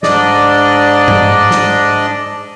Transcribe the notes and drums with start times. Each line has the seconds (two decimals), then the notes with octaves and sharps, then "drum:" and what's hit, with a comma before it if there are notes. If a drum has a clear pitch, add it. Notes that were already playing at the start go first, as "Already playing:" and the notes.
0.03 G#2 D4 D5 D#5, drum: snare
1.08 drum: tom G2
1.51 drum: snare